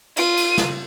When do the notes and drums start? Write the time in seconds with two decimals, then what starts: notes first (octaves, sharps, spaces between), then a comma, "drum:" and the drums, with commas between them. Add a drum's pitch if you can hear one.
0.17 F4 D#7, drum: cymbal
0.37 drum: cymbal
0.58 drum: snare